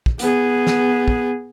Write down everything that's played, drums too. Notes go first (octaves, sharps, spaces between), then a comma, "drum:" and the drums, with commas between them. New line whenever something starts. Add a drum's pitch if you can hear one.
drum: kick
B3 G#4, drum: hi-hat
drum: snare
drum: kick